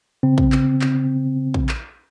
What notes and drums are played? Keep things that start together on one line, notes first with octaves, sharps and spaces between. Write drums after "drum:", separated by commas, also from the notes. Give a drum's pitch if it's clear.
C#3 C4
drum: kick
drum: clap
drum: clap
drum: kick
drum: clap